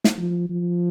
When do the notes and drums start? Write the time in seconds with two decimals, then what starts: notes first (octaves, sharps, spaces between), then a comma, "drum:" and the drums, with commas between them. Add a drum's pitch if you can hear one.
0.04 drum: snare
0.17 F3
0.50 F3